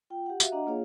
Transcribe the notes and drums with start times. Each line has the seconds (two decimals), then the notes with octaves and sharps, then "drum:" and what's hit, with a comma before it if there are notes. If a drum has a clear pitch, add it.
0.10 F4 G5
0.26 G4 F#5
0.40 F#4 E5 F5, drum: tambourine
0.52 D4 D#5 F#5 A#5
0.67 A#3 F4 G#4 C#5 F5